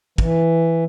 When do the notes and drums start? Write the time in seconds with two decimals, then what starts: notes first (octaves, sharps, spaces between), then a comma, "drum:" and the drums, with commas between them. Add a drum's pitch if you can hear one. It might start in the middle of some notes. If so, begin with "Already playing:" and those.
0.18 E3, drum: kick